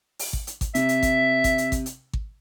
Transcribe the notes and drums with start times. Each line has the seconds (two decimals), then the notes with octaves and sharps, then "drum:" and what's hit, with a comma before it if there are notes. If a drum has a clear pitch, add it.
0.19 drum: open hi-hat
0.33 drum: kick G#1
0.47 drum: hi-hat
0.61 drum: kick G#1, hi-hat
0.75 C3 E5, drum: hi-hat
0.89 drum: hi-hat
1.03 drum: kick G#1, hi-hat
1.44 drum: kick G#1, hi-hat
1.58 drum: hi-hat
1.72 drum: kick G#1, hi-hat
1.86 drum: hi-hat
2.13 drum: kick G#1